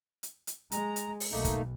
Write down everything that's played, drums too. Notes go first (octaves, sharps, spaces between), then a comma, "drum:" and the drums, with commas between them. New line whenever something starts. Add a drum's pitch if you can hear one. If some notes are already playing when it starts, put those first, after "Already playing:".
drum: hi-hat
drum: hi-hat
G#3 A#5, drum: hi-hat
drum: hi-hat
drum: open hi-hat
B1 A3 A#3 D#4
drum: kick, hi-hat